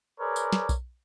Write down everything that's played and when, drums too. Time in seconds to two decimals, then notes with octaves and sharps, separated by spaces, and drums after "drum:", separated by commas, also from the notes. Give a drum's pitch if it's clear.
0.19 G#4 A#4 B4 C#5 D5
0.36 drum: tambourine
0.53 drum: snare
0.69 drum: kick B1, tambourine